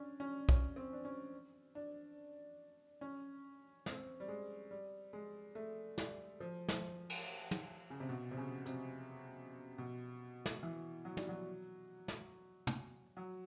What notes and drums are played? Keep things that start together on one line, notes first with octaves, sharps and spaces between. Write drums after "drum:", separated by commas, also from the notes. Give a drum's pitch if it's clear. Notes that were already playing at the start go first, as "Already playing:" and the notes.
Already playing: C#4 D4
C#4
C#4, drum: kick
C4
D4
C#4
D4
C#4
C4, drum: snare
G3
G#3
G3
G#3
A3
G3, drum: snare
F3
F3, drum: snare
drum: cymbal
drum: tom
C#3
C3
B2
C3
C#3
C3, drum: hi-hat
B2
drum: snare
E3
F#3
G3, drum: tom
F#3
drum: snare
drum: tom
F#3